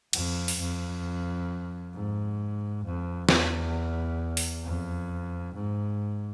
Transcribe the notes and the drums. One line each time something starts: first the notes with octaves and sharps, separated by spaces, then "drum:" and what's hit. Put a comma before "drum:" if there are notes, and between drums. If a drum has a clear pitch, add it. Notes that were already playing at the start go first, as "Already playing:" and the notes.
F2, drum: cymbal
drum: open hi-hat
F2
G#2
F2
E2, drum: snare
drum: open hi-hat
F2
G#2